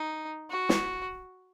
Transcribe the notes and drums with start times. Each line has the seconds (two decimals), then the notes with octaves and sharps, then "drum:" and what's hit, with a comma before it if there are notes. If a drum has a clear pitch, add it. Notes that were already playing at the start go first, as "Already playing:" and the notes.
Already playing: D#4
0.50 F#4
0.69 drum: snare